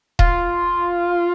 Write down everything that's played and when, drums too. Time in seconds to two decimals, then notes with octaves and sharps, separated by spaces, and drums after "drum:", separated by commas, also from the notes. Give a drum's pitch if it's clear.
0.19 F4, drum: kick D#1